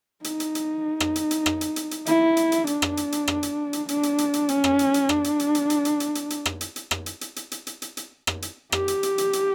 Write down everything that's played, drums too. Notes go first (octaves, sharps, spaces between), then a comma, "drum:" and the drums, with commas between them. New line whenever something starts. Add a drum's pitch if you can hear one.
D#4, drum: hi-hat
drum: hi-hat
drum: hi-hat
drum: rim click
drum: hi-hat
drum: hi-hat
drum: rim click
drum: hi-hat
drum: hi-hat
drum: hi-hat
E4, drum: hi-hat
drum: hi-hat
drum: hi-hat
D4, drum: hi-hat
drum: rim click
drum: hi-hat
drum: hi-hat
drum: rim click
drum: hi-hat
drum: hi-hat
D4, drum: hi-hat
drum: hi-hat
drum: hi-hat
drum: hi-hat
C#4, drum: hi-hat
drum: rim click
drum: hi-hat
drum: hi-hat
D4, drum: rim click
drum: hi-hat
drum: hi-hat
drum: hi-hat
drum: hi-hat
drum: hi-hat
drum: hi-hat
drum: hi-hat
drum: hi-hat
drum: rim click
drum: hi-hat
drum: hi-hat
drum: rim click
drum: hi-hat
drum: hi-hat
drum: hi-hat
drum: hi-hat
drum: hi-hat
drum: hi-hat
drum: hi-hat
drum: rim click
drum: hi-hat
G4, drum: rim click
drum: hi-hat
drum: hi-hat
drum: hi-hat
drum: hi-hat